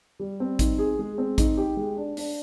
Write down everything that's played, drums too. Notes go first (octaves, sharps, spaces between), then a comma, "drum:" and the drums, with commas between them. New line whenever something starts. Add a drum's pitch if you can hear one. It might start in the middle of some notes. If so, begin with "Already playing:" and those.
G3
C4
D#4, drum: kick A1, hi-hat
G#4
G#3
C4
D#4, drum: kick A1, hi-hat
G4
G#3
D4
D4, drum: open hi-hat